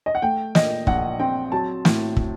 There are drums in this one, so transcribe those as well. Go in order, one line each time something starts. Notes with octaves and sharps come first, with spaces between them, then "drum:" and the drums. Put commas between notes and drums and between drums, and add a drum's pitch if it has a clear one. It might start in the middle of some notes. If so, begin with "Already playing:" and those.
D#5
F#5
A3 G5
A#2 D#5, drum: snare
A#1 F#5, drum: kick
C4 G5
F#3 A5
A2, drum: snare
drum: kick